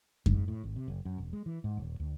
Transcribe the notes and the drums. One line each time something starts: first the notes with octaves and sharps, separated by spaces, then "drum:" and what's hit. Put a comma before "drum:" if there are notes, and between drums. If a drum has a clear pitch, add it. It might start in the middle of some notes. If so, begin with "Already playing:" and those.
G#2, drum: kick F#2
A2
G#1
C3
F#1
F#2
E1
G#3
E3
G#2
D#1
D2